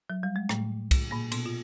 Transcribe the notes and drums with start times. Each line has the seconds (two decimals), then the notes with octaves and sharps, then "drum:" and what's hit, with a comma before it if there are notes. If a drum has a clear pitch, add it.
0.10 F#3
0.23 G3
0.36 G#3
0.49 A2 A3, drum: rim click
0.91 drum: kick, cymbal
1.11 A#2 A#3
1.32 B2 B3, drum: cymbal
1.46 F4